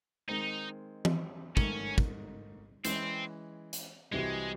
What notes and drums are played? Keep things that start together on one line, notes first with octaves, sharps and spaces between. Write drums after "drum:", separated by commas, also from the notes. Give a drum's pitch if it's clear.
D#3 G#3 C4 D#4
drum: tom E3
G#2 D#3 A3 C#4, drum: kick
drum: kick
E3 G#3 C4 C#4, drum: hi-hat
drum: hi-hat
C2 C3 E3 G#3 C4 F#4